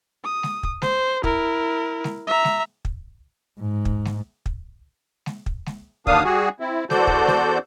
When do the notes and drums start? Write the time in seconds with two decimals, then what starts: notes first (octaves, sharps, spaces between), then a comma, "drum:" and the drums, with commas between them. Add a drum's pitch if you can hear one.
0.24 D#6
0.43 drum: snare G#3
0.63 drum: kick
0.82 C5, drum: snare G#3
1.24 E4 A#4, drum: kick
2.04 drum: snare G#3
2.27 E5 A#5
2.44 drum: snare G#3
2.85 drum: kick
3.60 G#2
3.85 drum: kick
4.05 drum: snare G#3
4.46 drum: kick
5.26 drum: snare G#3
5.46 drum: kick
5.66 drum: snare G#3
6.07 D#2 D3 A#3 D4 F5 D#6, drum: kick
6.24 G3 F#4 G#4
6.60 C4 E4
6.90 E2 F#4 A4 C5 D5 G6, drum: snare G#3
7.07 drum: kick
7.27 drum: snare G#3